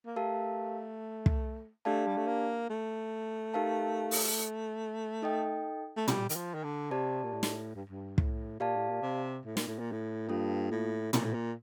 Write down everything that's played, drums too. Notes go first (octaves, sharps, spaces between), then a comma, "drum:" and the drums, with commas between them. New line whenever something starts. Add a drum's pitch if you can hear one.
A#3
A3 G4 A#4 F5 A5
drum: kick
A3 D4 G4 D5 F5 A5
G3
A3
A#3
A3
D#4 G4 A#4 F5 A5
drum: open hi-hat
D#4 A4 D#5 G5
A3
G3, drum: tom
D#3, drum: hi-hat
F3
D#3
D3
C3 G4 D5 A5
A#2
A2
drum: snare
G2
G2
A2, drum: kick
A#2 G4 D5 F5 A5
A2
A#2
C3
A2
A#2, drum: snare
A2
A#2
A2
G2 A#3 F4 A4
A2
A#2, drum: tom
A2
A#2